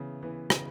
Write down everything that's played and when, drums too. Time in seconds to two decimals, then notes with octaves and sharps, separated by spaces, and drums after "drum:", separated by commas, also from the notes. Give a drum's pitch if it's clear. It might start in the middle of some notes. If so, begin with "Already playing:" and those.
Already playing: C#3 E3 B3
0.23 E3 B3
0.50 C#3, drum: rim click